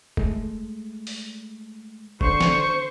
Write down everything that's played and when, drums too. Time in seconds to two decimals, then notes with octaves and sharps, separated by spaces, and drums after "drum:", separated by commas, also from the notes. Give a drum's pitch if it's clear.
0.17 G#3 A3, drum: kick
1.07 drum: open hi-hat
2.21 D3 C5 C#6, drum: kick
2.41 drum: snare